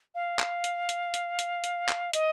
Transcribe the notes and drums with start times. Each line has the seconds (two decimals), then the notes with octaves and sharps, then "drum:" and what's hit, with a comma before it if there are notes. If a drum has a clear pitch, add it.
0.15 F5
0.39 drum: clap
0.64 drum: hi-hat
0.89 drum: hi-hat
1.14 drum: hi-hat
1.39 drum: hi-hat
1.64 drum: hi-hat
1.89 drum: clap
2.13 D#5, drum: hi-hat